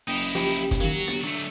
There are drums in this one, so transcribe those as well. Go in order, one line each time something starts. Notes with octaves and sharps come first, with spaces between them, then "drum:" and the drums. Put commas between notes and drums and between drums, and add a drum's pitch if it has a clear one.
F#1 D#4 E4 G5 D#6
F3 G4 B5, drum: hi-hat
drum: kick F#1, hi-hat
D#3 F#3 A#3 F#4
G1 A6 C#7, drum: hi-hat
D3 F#3 A3